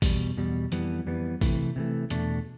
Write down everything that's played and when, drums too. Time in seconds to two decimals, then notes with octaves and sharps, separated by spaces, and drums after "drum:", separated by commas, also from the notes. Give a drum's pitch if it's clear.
0.02 E2 B2 G3, drum: kick A1, open hi-hat
0.37 E2 B2 G3
0.72 F2 E3 G3 B3, drum: hi-hat
1.07 F2 E3 G3 B3
1.41 C3 E3 A3, drum: kick A1, open hi-hat
1.76 C3 E3 A3
2.10 E2 B2 A3 D4, drum: hi-hat